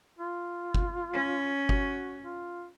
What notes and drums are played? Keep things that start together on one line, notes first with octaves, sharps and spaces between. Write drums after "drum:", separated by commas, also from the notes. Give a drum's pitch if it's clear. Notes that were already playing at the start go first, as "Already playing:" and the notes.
F4
drum: kick G1
C#4
F#4, drum: kick G1
F4